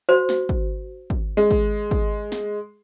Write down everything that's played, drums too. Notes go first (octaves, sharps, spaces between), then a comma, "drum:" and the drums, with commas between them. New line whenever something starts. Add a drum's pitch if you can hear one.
F#4 C5
drum: snare
drum: kick
drum: kick
G#3
drum: kick
drum: kick
drum: snare